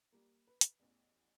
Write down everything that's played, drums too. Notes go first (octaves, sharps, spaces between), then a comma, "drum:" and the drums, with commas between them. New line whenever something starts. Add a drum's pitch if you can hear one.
G3 A#3
B4
drum: hi-hat
A1 E2